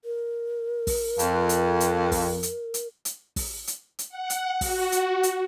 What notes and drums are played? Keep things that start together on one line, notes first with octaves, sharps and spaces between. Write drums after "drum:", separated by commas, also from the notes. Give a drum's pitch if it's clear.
A#4
drum: kick, open hi-hat
F2, drum: hi-hat
drum: hi-hat
drum: hi-hat
drum: kick, open hi-hat
drum: hi-hat
drum: hi-hat
drum: hi-hat
drum: kick, open hi-hat
drum: hi-hat
drum: hi-hat
F#5
drum: hi-hat
F#4, drum: kick, open hi-hat
drum: hi-hat
drum: hi-hat